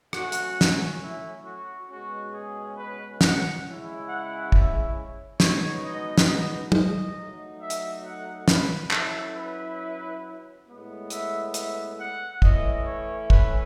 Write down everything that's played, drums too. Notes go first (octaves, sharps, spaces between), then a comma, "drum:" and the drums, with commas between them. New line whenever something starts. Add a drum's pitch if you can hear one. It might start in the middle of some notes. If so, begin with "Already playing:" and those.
F#3 A3 C#4 F#4, drum: rim click
drum: hi-hat
drum: snare
E4
F#4
B2 G#3 C#4 F#4
G#4
B4
F#5, drum: snare
C#3 G#3 C#4 E4
F#5
E5, drum: kick
B2 G#3 B3 D#4 C#5, drum: snare
D#5
drum: snare
D#5
D#5, drum: tom
F#3 A3 D#4
E5
drum: hi-hat
F#5
B4, drum: snare
F#3 C#4 E4 A4, drum: clap
B4
A2 G#3 B3
E5, drum: hi-hat
E5, drum: hi-hat
F#5
E3 A3 C#4 E4 D#5, drum: kick
C#5
B4, drum: kick